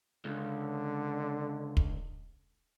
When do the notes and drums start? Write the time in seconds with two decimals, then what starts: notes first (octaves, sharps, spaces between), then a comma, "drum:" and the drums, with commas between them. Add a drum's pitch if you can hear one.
0.25 C#2 D3
1.77 drum: kick